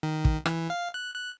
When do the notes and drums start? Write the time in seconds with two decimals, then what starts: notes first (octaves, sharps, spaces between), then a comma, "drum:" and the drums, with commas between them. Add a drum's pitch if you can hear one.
0.03 D#3
0.25 drum: kick
0.46 E3, drum: rim click
0.70 F5
0.94 F#6
1.15 F#6